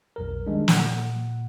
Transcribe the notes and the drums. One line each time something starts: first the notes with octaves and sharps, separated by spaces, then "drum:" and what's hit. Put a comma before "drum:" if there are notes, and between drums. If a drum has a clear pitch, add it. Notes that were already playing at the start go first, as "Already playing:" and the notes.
B1 F2 A#4
D#3 G3 G#3 D4
A#2 F#5, drum: snare